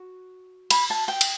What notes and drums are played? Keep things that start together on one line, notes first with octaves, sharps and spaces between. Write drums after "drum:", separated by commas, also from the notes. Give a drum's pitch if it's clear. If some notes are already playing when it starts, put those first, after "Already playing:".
Already playing: F#4
B5, drum: cymbal
A5
G5
drum: cymbal